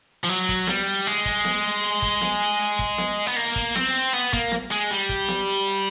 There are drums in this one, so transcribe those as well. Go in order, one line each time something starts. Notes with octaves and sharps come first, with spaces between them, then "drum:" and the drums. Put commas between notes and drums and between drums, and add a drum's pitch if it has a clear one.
F3
F#3, drum: open hi-hat
drum: kick, hi-hat
G3, drum: snare B3
drum: hi-hat
G#3, drum: open hi-hat
drum: kick, hi-hat
drum: snare B3
drum: hi-hat
drum: open hi-hat
drum: kick, hi-hat
drum: snare B3
drum: hi-hat
drum: open hi-hat
drum: kick, hi-hat
drum: snare B3
B3
A#3, drum: open hi-hat
drum: kick, hi-hat
C4, drum: snare B3
drum: hi-hat
B3, drum: open hi-hat
A#3, drum: kick, hi-hat
drum: snare B3
G#3, drum: hi-hat
G3, drum: open hi-hat
drum: kick, hi-hat
drum: snare B3
drum: hi-hat
drum: open hi-hat